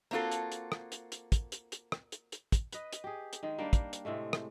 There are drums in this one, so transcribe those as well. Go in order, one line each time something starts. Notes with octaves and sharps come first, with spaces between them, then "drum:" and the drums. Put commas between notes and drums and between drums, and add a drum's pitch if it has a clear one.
A#3 C4 F4 F#4 A4
drum: hi-hat
drum: hi-hat
drum: rim click
drum: hi-hat
drum: hi-hat
drum: kick, hi-hat
drum: hi-hat
drum: hi-hat
drum: rim click
drum: hi-hat
drum: hi-hat
drum: kick, hi-hat
B4 D#5, drum: hi-hat
drum: hi-hat
G4 G#4
drum: hi-hat
D#3 G#3
G3 A#3 D4 G5
drum: kick, hi-hat
drum: hi-hat
A2 C3 G#3 A3
drum: rim click